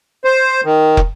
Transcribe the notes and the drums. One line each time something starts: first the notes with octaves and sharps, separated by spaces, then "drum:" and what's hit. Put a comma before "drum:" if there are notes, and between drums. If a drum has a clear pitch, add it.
C5
D#3
drum: kick